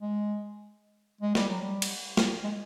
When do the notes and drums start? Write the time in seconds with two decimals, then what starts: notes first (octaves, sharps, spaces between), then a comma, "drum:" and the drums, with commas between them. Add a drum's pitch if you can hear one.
0.01 G#3
1.21 G#3
1.35 G3, drum: snare
1.48 F#3
1.61 G3
1.82 drum: cymbal
2.17 drum: snare
2.44 G#3